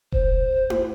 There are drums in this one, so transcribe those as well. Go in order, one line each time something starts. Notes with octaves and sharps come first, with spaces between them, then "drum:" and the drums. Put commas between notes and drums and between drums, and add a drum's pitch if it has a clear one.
C5, drum: kick E1
drum: tom E4